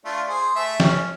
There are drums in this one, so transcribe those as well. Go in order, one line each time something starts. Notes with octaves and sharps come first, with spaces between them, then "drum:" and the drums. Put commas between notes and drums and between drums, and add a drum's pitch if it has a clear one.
A3 D4 F4
G#4 C5
A3 E5
C#4, drum: snare F3